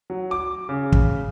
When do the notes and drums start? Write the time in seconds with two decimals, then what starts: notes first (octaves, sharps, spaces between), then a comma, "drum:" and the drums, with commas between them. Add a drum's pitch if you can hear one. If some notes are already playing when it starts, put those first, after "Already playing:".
0.10 F#3
0.31 D6
0.69 C#3
0.92 drum: kick